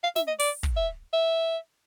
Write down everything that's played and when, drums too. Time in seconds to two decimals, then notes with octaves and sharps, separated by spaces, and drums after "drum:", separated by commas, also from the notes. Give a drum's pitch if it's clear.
0.04 F5
0.16 E5, drum: snare
0.28 D#5
0.39 D5, drum: open hi-hat
0.63 drum: kick
0.77 E5
1.13 E5